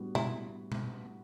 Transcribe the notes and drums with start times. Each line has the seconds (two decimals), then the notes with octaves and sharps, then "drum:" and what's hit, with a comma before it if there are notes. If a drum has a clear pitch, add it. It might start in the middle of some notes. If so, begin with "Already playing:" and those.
Already playing: A2 G3 B3 D4 F#4
0.15 E4, drum: tom B2
0.72 drum: tom B2